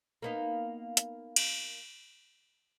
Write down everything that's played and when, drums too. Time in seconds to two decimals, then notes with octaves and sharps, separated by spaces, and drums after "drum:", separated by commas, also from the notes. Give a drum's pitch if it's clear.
0.22 A#3 B3 D#4
0.97 drum: hi-hat
1.36 drum: cymbal